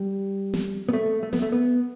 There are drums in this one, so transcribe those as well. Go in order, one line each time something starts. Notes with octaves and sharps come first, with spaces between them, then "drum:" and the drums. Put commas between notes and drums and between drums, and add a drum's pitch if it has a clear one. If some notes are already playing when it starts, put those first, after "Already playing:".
Already playing: G3
drum: snare
B3
A3
A3
B3, drum: snare
A3
B3